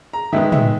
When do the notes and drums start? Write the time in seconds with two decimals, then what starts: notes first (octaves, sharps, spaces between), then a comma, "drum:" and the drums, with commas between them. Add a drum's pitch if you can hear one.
0.13 A#5
0.33 D#3 G#3 B3 E5
0.52 E5, drum: tom